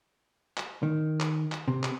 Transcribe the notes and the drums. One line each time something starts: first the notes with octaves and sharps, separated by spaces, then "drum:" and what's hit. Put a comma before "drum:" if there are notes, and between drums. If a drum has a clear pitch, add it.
drum: clap
D#3
drum: clap
drum: clap
C3
drum: clap